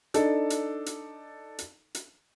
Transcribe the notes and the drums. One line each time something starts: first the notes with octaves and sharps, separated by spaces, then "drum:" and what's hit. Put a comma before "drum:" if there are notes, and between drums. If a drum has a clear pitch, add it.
D4 D#4 A4, drum: hi-hat
drum: hi-hat
drum: hi-hat
drum: hi-hat
drum: hi-hat